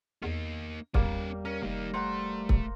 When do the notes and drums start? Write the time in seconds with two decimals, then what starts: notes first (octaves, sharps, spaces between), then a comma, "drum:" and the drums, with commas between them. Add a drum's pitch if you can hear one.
0.22 E2 A#3 D#4
0.94 E2 G3 A#3 C#4 D5, drum: kick
1.45 C#4 A#4
1.62 F1 A#3 D#4
1.94 A3 C5 F#5 A#5
2.49 drum: kick